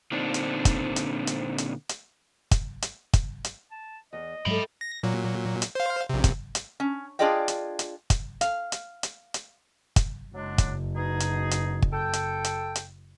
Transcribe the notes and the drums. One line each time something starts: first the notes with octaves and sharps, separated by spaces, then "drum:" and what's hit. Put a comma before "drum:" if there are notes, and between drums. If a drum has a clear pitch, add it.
A#2 D3 C4 D4 D#4
drum: hi-hat
drum: kick, hi-hat
drum: hi-hat
drum: hi-hat
drum: hi-hat
drum: hi-hat
drum: kick, hi-hat
drum: hi-hat
drum: kick, hi-hat
drum: hi-hat
A5
E2 D#5
G#2 F#3 G#3 A4 E5 G5 B5
A#6
A#2 F#3
drum: hi-hat
C5 F5
A#1 C3
drum: kick, hi-hat
drum: hi-hat
C#4
D4 F4 G#4 D5 D#5 G5
drum: hi-hat
drum: hi-hat
drum: kick, hi-hat
F5, drum: hi-hat
drum: hi-hat
drum: hi-hat
drum: hi-hat
drum: kick, hi-hat
F#1 F#3 G#3 D4
drum: kick, hi-hat
B2 D#4 G#4
drum: hi-hat
drum: hi-hat
drum: kick
A4 G5
drum: hi-hat
drum: hi-hat
drum: hi-hat